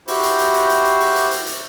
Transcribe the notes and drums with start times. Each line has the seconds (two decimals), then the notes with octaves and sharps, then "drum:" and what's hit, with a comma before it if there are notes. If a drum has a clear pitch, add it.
0.08 E4 F#4 G4 C5, drum: open hi-hat
0.23 drum: hi-hat
0.38 drum: hi-hat
0.54 drum: hi-hat
0.69 drum: hi-hat
0.85 drum: hi-hat
1.00 drum: open hi-hat
1.15 drum: hi-hat
1.31 drum: hi-hat
1.46 drum: hi-hat